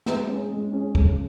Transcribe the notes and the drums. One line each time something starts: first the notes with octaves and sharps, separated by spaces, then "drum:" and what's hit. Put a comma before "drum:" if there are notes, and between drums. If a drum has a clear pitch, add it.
G#3, drum: snare
C#4
G#4
G#3
C#4 G#4
C#3, drum: kick